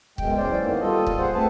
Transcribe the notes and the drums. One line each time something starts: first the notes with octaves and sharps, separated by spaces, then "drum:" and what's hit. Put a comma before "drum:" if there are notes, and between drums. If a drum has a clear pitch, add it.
F#2 B2 G#3 G5, drum: kick
E2 C#4 C5 D5
D#3 A#3 B3
G3 F4 A4 D#5
drum: kick
G#4 C5 F#5
A3 C4 B4 A5